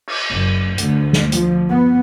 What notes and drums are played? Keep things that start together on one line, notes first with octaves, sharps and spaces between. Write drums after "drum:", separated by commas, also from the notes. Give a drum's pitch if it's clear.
drum: cymbal
F#1
D2, drum: hi-hat
drum: snare
F3, drum: hi-hat
B3